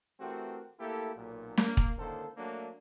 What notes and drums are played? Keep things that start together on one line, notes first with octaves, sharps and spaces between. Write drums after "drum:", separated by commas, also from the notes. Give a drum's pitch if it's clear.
E3 A3 C4 F#4 G4 A#4
A3 A#3 E4 G4 A4
B1 A#2
A#3, drum: snare
drum: kick
C#2 D3 D#3 A#3 A4 C5
F#3 A3 A#3 D4